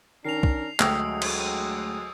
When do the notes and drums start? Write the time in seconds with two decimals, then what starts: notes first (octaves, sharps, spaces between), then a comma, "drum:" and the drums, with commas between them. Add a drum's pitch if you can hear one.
0.25 D#3 C#4 D4 A#4 C7 F7
0.43 drum: kick
0.80 D2 F#3 G#3 G5 D#6 E6, drum: clap
1.22 drum: cymbal